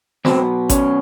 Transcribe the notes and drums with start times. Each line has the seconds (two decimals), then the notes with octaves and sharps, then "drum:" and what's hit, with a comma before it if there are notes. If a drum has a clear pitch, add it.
0.25 B2 F#3 B3 C4, drum: snare
0.69 C#4, drum: kick G#1, hi-hat